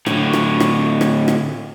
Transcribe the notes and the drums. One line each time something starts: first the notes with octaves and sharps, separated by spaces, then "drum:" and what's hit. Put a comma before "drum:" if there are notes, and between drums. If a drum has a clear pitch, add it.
A2 D3, drum: rim click
drum: rim click
drum: rim click
drum: rim click
drum: rim click